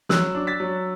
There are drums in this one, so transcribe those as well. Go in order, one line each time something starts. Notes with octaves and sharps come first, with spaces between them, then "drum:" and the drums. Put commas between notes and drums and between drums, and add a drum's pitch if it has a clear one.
F#3 E6 F#6, drum: snare
D4
A6 B6
F#3